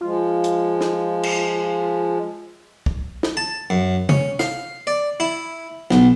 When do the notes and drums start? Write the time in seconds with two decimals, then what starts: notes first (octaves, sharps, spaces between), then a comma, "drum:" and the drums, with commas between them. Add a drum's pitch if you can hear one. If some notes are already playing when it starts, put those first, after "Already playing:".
0.01 F3 G#3 F4
0.44 drum: hi-hat
0.81 drum: snare
1.23 drum: cymbal
2.86 drum: kick
3.23 drum: snare
3.37 A5
3.70 F#2
4.09 C#4, drum: tom C3
4.39 F5, drum: snare
4.87 D5
5.20 E4
5.91 B1, drum: snare